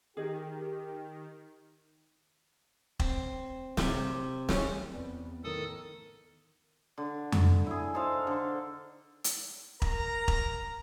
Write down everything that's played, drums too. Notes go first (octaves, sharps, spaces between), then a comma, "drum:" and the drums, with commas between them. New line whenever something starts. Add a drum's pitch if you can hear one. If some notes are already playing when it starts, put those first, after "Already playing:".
D#3 G4 G#4 D#5
C4, drum: kick E1
C3, drum: snare
C#4, drum: snare
E2 B3 C4 B4 D5
A1 D#3 B3 A4 A#4 D#6
D3
drum: tom F2
E4 G#4
D#4 A4 C5 F5
D3 A4 D6
drum: hi-hat
A#4 A#5, drum: kick E1
drum: kick E1